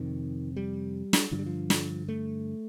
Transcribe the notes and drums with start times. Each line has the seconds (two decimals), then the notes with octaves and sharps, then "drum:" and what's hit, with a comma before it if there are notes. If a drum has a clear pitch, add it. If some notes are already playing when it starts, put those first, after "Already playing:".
Already playing: F2 C3 D#3
0.56 G3
1.13 drum: snare
1.31 G2 D3 F3
1.39 G3
1.46 F3
1.70 drum: snare
2.09 A3